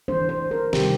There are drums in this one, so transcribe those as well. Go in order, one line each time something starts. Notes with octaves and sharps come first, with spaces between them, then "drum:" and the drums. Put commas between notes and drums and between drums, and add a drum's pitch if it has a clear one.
E3 A3 D4 C5
C5
A#4
C3 D#3 G3 G4, drum: snare